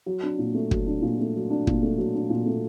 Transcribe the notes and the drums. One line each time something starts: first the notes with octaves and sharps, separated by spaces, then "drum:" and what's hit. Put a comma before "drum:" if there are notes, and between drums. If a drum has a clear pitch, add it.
F#3
D4
A#2
A3
F#3, drum: kick
D4
A#2
A3
F#3
D4
A#2, drum: kick
A3
F#3
D4
A#2
A3